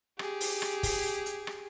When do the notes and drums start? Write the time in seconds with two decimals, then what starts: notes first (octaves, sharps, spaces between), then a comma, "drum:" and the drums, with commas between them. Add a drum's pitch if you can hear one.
0.19 G4 G#4, drum: rim click
0.41 drum: open hi-hat
0.62 drum: rim click
0.83 drum: kick, open hi-hat
1.26 drum: hi-hat
1.47 drum: rim click